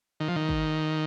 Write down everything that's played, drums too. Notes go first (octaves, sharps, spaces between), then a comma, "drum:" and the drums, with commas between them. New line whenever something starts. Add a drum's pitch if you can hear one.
D#3
F3
D#3
drum: kick